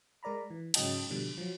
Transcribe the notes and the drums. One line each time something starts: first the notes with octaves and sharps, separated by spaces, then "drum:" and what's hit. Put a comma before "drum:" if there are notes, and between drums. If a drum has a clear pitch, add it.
G#3 A#4 D5 A#5 B5
E3
G#2 C#3 F#3 D#5 G5 A5, drum: cymbal
B2 D3 F3 G3
F3 F#3